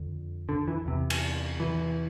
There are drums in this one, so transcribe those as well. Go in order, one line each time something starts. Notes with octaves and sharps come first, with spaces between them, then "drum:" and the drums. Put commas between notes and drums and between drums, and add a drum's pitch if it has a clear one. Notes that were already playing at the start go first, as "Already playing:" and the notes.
Already playing: F2 D3
D3
E3
E2 C3
drum: cymbal
E3